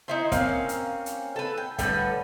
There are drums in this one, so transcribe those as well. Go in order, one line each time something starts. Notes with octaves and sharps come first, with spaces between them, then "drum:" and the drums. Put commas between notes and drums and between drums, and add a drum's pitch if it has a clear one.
D#4 E4 C5
A#3 C4 C#4 F5, drum: kick, hi-hat
drum: hi-hat
drum: hi-hat
A4 B4
G5
A2 D3 G3 B4, drum: kick, hi-hat